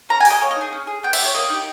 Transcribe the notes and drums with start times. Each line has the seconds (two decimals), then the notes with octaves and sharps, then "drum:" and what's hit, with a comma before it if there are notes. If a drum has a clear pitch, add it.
0.09 C#4 A#5
0.20 G#5
0.25 G4, drum: open hi-hat
0.30 D#5
0.41 A#3 C#5
0.51 D#5
0.56 D#4
0.61 G#4
0.72 C#4
0.87 G#4
1.03 B3 G5
1.13 E5, drum: cymbal
1.19 G4
1.24 C#5
1.34 A#3 D#5
1.50 D#4 G4